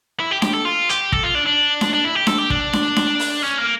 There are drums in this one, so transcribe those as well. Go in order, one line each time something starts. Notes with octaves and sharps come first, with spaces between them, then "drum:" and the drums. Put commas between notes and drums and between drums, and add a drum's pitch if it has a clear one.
E4
G4
G4, drum: snare D4
A4
F4
G4, drum: hi-hat
A4, drum: kick
F4
D4
D4
drum: snare D4
D4
E4
G4
A4, drum: snare D4
G4
D4, drum: kick
drum: snare D4
drum: snare D4
drum: open hi-hat
C#4
A#3